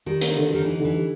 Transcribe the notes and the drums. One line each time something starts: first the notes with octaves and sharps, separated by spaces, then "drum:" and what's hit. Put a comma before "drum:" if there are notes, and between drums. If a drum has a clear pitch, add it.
D#3 G3
A#3, drum: hi-hat
D3
D#3 G3
E3 D#4
D3
E3
G3